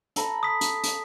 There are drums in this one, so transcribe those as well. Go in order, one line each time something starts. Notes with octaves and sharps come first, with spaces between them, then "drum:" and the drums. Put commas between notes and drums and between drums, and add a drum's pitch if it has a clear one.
A4 A#5 B5, drum: hi-hat
D#6 B6
drum: hi-hat
drum: hi-hat